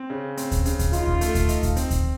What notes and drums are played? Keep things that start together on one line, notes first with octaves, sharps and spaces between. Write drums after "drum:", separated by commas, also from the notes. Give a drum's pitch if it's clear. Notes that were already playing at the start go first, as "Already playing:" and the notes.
Already playing: C4
C#3
C4, drum: hi-hat
drum: kick D2, hi-hat
C#3, drum: hi-hat
drum: kick D2, hi-hat
D#4 F4, drum: hi-hat
drum: kick D2
A3, drum: hi-hat
drum: kick D2, hi-hat
D#4, drum: hi-hat
drum: kick D2, hi-hat
C4, drum: hi-hat
drum: kick D2, hi-hat